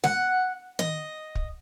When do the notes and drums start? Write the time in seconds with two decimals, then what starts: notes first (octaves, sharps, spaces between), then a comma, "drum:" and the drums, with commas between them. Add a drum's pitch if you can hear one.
0.04 F#5, drum: snare G#3
0.79 D#5, drum: tom
1.35 drum: kick